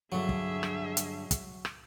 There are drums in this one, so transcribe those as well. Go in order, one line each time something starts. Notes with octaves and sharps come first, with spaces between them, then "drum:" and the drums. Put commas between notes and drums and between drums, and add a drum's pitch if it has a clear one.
G2 D3 F#3 G#4 E5
drum: kick
drum: rim click
drum: hi-hat
drum: kick, hi-hat
drum: rim click